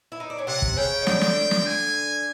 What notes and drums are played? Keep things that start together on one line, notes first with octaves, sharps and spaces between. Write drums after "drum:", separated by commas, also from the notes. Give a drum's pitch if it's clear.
E4
D#4
D4
C#4
C3 C4 F#5
drum: kick
C#3 C#4 G5
D#4
D3 D4 G5, drum: snare
drum: snare
drum: snare
G#5